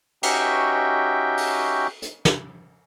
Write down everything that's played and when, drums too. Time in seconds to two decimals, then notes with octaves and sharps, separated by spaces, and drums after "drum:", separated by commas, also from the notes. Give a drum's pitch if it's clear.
0.23 C#4 D#4 F#4 G4 E5 G5, drum: cymbal
1.38 drum: open hi-hat
2.02 drum: hi-hat
2.25 drum: snare